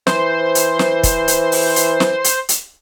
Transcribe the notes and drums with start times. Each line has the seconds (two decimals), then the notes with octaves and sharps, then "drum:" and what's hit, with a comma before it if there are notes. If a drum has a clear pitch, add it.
0.07 E3 C5, drum: snare
0.55 drum: hi-hat
0.79 drum: snare
1.03 drum: kick, hi-hat
1.28 drum: hi-hat
1.52 drum: open hi-hat
1.76 drum: hi-hat
2.00 drum: snare
2.24 drum: hi-hat
2.49 drum: hi-hat